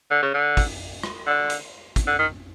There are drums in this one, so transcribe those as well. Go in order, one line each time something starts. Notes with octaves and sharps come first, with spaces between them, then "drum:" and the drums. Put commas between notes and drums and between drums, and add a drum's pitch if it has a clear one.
D3
C#3
D3
drum: kick, open hi-hat
drum: rim click
D3
drum: hi-hat
drum: kick, hi-hat
D3
D#3